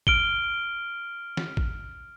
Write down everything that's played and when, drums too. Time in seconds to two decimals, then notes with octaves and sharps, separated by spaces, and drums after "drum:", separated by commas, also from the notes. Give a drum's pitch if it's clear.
0.07 F6 D7 G7, drum: kick A1
1.37 drum: snare
1.57 drum: kick A1